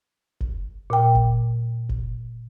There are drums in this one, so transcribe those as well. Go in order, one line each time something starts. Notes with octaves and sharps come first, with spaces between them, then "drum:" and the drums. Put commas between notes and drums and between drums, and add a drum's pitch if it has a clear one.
drum: kick F#1
A#2 G5
drum: kick F#1
drum: kick F#1